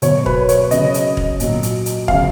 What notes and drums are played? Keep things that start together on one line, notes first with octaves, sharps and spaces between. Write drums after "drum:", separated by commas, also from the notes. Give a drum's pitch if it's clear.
B2 F#3 C#5, drum: hi-hat
B4, drum: kick
C#5, drum: hi-hat
C#3 F#3 D#5, drum: hi-hat
drum: hi-hat
drum: kick
A#2 F#3, drum: hi-hat
drum: hi-hat
drum: hi-hat
C#3 F#3 F5, drum: kick